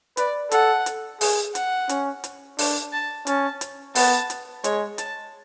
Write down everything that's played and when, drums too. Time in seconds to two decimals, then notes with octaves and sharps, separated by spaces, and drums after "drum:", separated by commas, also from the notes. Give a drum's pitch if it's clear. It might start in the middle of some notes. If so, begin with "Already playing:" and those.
0.17 B4 D5, drum: hi-hat
0.52 A4 F#5, drum: hi-hat
0.86 drum: hi-hat
1.21 G#4, drum: open hi-hat
1.55 F#5, drum: hi-hat
1.89 C#4, drum: hi-hat
2.24 drum: hi-hat
2.59 D4, drum: open hi-hat
2.93 A5
3.27 C#4 A5, drum: hi-hat
3.61 drum: hi-hat
3.95 B3 A5, drum: open hi-hat
4.30 drum: hi-hat
4.64 G#3 C#5, drum: hi-hat
4.98 A5, drum: hi-hat